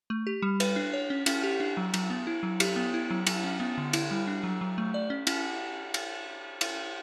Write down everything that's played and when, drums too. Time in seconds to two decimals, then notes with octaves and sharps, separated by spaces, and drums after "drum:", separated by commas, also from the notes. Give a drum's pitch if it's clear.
0.10 A3
0.27 G4
0.42 G3
0.60 B4, drum: cymbal
0.76 D4
0.93 C#5
1.10 C#4
1.26 C#4, drum: cymbal
1.43 G4
1.60 D4
1.77 F#3
1.94 F#3, drum: cymbal
2.10 B3
2.27 E4
2.43 F#3
2.60 G4, drum: cymbal
2.76 B3
2.94 E4
3.10 F#3
3.27 F#3, drum: cymbal
3.44 C#4
3.60 B3
3.78 D3
3.93 E4, drum: cymbal
4.11 G3
4.27 D4
4.44 F#3
4.61 F#3
4.78 A3
4.94 D5
5.10 C#4
5.27 C#4, drum: cymbal
5.94 drum: cymbal
6.61 drum: cymbal